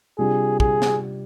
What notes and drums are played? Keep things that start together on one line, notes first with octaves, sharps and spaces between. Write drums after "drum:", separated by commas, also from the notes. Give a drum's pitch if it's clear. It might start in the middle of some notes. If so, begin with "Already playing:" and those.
C3 G3 D4 F4 G#4
G#4, drum: kick
drum: snare